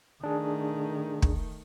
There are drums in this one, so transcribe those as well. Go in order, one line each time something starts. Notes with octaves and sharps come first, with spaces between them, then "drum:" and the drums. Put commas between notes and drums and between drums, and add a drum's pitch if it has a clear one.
D#3 A3 D4 G#4
drum: kick